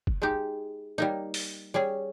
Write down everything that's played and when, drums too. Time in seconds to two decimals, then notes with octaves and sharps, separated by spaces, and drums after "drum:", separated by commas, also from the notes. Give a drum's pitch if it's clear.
0.07 drum: kick
0.22 G#3 D#4 G4
0.98 G3 A#3 D#4
1.34 drum: open hi-hat
1.74 G3 C#4 G#4